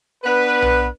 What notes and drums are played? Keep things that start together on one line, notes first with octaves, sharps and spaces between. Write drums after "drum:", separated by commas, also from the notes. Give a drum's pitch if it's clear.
B3 D4 B4
drum: tom B1